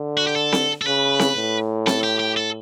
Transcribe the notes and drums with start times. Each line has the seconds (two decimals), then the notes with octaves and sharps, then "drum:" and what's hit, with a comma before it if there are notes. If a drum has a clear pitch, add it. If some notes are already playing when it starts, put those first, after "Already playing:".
Already playing: D3
0.18 F#4
0.27 G4
0.36 A4
0.52 drum: snare C4
0.82 A4
0.85 C#3 B4
1.19 drum: snare C4
1.37 A2
1.87 A4, drum: snare C4
2.03 G4
2.19 G4
2.37 A4